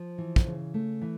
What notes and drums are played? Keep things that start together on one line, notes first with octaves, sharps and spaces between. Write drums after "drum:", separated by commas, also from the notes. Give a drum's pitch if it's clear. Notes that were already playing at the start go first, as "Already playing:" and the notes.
Already playing: F3
E3
drum: kick
C#3
A3
E3